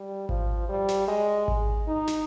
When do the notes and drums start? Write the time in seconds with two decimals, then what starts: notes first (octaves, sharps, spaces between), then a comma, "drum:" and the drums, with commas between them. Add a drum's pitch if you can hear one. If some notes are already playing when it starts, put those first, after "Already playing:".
Already playing: G3
0.29 F3, drum: kick G#1
0.69 G3
0.88 drum: snare
1.08 G#3
1.48 drum: kick G#1
1.88 D#4
2.07 drum: snare